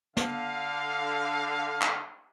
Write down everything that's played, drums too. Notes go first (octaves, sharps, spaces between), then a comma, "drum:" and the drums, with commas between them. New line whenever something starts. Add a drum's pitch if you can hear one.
D3 F5, drum: snare
drum: clap